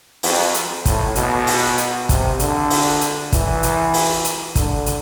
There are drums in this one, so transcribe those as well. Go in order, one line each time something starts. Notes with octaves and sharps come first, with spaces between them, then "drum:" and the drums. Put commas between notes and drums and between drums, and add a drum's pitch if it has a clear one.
F2, drum: open hi-hat
drum: hi-hat
A2, drum: kick, hi-hat
B2, drum: hi-hat
drum: open hi-hat
drum: hi-hat
C3, drum: kick, hi-hat
D3, drum: hi-hat
drum: open hi-hat
drum: hi-hat
E3, drum: kick, hi-hat
drum: hi-hat
drum: open hi-hat
drum: hi-hat
D3, drum: kick, hi-hat
drum: hi-hat